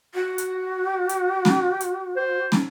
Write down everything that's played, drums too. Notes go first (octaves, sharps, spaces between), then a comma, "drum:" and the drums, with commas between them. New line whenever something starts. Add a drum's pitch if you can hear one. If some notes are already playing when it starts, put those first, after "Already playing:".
F#4
drum: hi-hat
drum: hi-hat
drum: snare
drum: hi-hat
C5
drum: snare